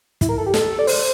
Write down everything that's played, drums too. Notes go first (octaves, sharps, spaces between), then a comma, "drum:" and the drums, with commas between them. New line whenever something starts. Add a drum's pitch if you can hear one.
E4, drum: kick, hi-hat
A#4
A4
G4
A4, drum: snare
D5
C5, drum: open hi-hat